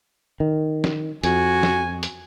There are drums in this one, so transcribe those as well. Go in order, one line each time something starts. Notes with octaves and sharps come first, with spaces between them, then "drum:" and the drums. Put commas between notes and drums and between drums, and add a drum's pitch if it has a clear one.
D#3
drum: snare
F2 F#4 G#5, drum: hi-hat
drum: snare
drum: hi-hat